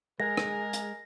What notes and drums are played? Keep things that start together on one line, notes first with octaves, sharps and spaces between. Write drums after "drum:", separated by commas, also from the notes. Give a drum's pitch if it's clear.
G#3 G#4 A#4 A#6
drum: rim click
drum: hi-hat